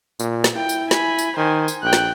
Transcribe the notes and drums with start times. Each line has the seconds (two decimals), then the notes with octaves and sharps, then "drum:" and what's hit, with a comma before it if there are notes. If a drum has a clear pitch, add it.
0.20 A#2, drum: tambourine
0.44 drum: snare
0.56 E4 G5
0.69 drum: tambourine
0.91 G#5 B5, drum: snare
1.19 drum: tambourine
1.37 D#3 C5 G#5
1.68 drum: tambourine
1.83 A#1 G5 F#6
1.93 drum: snare